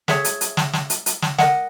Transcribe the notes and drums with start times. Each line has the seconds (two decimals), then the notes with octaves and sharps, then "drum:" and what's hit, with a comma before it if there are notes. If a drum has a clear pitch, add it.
0.08 G#4 C#5 E5, drum: snare
0.24 drum: hi-hat
0.41 drum: hi-hat
0.57 drum: snare
0.73 drum: snare
0.90 drum: hi-hat
1.06 drum: hi-hat
1.22 drum: snare
1.38 A#4 D#5 F#5, drum: snare